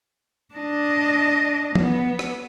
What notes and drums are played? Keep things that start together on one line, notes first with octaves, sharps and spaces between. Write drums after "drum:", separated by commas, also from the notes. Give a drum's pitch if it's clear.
D4 D#5
B3, drum: tom F3
drum: rim click